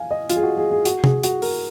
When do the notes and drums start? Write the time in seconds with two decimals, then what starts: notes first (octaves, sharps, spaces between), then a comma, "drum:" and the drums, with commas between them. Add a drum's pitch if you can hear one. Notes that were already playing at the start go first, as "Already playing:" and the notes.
Already playing: F5 G#5
0.11 D#5
0.30 F4, drum: hi-hat
0.36 G#4
0.43 F#4
0.58 G#4
0.71 G#4
0.85 F#4, drum: hi-hat
1.04 G#4, drum: tom
1.23 F#4, drum: hi-hat
1.42 A#4, drum: open hi-hat